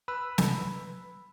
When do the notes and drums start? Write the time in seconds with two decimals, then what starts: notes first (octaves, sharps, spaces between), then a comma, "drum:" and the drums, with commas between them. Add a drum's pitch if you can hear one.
0.08 B4 B5 E6
0.38 drum: snare